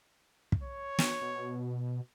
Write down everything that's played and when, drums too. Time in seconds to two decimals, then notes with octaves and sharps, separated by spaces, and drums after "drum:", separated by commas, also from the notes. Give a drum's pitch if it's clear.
0.52 drum: kick
0.63 C#5
0.99 drum: snare
1.22 B2